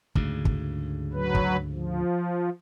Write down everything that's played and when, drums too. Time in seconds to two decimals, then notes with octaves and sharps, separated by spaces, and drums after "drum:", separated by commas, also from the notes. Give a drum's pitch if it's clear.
0.15 D2 G#2 C#3, drum: kick
0.45 drum: kick
1.14 F#3 B4
1.35 drum: kick
1.72 F3